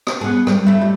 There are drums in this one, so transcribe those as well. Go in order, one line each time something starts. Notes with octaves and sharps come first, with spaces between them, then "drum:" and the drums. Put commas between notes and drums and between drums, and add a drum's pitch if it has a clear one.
drum: rim click
B3 G#4
G3, drum: rim click
A3 E4
G3